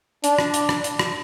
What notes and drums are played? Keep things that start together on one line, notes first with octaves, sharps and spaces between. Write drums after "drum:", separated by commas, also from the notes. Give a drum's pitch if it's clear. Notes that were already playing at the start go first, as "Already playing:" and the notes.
D4, drum: hi-hat
drum: rim click
drum: hi-hat
drum: rim click
drum: hi-hat
drum: rim click